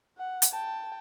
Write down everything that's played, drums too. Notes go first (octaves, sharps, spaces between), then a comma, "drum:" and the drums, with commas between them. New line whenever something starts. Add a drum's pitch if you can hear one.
F#5
drum: hi-hat
G5 A5